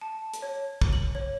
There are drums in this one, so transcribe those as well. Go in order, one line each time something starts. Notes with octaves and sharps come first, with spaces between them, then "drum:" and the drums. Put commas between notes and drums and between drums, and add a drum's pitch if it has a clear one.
A5
drum: hi-hat
C#5
drum: kick
F#7
C#5